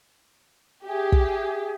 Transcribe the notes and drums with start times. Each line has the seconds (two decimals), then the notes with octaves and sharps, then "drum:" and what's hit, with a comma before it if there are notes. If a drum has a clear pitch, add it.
0.85 G4 G#4 E5
1.12 drum: kick